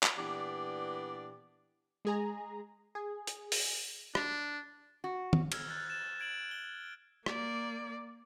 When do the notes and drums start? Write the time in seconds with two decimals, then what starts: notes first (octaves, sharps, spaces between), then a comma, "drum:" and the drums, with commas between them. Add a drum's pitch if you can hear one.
0.03 drum: clap
0.18 A#2 E3 B3 D4 G4 D5
2.05 G#3 G#4 A#5
2.95 G#4
3.27 drum: hi-hat
3.52 drum: open hi-hat
4.15 D4, drum: rim click
5.04 F#4
5.33 drum: tom D#3
5.52 E6 F6 G#6, drum: cymbal
5.70 F#6 A6
5.86 A6 E7
6.20 G#6 D7 F#7
6.51 G7
7.26 A#3 D5, drum: rim click